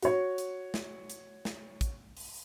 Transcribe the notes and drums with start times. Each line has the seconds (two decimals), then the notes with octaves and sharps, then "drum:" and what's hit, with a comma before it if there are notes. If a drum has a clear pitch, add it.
0.02 F#4 C#5, drum: hi-hat
0.38 drum: hi-hat
0.74 drum: snare
1.10 drum: hi-hat
1.45 drum: snare
1.81 drum: kick, hi-hat
2.17 drum: open hi-hat